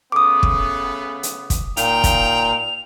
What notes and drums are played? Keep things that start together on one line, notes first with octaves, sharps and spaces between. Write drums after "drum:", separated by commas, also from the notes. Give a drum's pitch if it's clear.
C#3 A3 B3 D6 D#6
drum: kick
drum: hi-hat
drum: kick, hi-hat
A#2 D#4 F5 G5 F7, drum: hi-hat
drum: kick, hi-hat